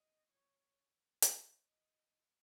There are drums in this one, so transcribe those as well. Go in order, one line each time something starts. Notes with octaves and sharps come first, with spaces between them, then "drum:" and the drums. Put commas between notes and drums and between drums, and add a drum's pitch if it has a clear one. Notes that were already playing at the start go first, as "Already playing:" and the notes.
Already playing: D#5
C#5
C#5, drum: hi-hat
D#5